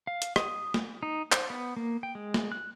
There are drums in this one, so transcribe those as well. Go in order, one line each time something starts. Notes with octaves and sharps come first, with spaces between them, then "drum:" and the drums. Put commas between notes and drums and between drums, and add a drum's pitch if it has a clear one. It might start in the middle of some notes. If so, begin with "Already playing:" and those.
F5
drum: hi-hat
D#6, drum: rim click
drum: snare
D#4
C5, drum: clap
B3
A#3
G5
G#3
drum: snare
F#6